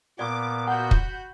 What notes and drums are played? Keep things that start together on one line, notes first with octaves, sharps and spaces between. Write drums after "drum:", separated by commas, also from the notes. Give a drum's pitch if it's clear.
A#2 B3 D5 D6
F#4 F#5 B5 G6
drum: kick